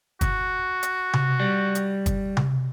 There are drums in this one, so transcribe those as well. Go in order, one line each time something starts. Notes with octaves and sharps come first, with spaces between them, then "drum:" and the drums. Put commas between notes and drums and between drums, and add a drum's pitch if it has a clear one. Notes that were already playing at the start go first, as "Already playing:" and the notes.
F#4, drum: kick, hi-hat
drum: hi-hat
drum: tom C3
G3
drum: hi-hat
drum: kick, hi-hat
drum: tom C3